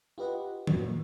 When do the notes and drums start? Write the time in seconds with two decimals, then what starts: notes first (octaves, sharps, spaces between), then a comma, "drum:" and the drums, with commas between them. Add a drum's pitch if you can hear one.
0.18 F4 G4 B4 D#5 F#5
0.67 E2 G2 A#2 F3 F#3, drum: tom
0.82 A#2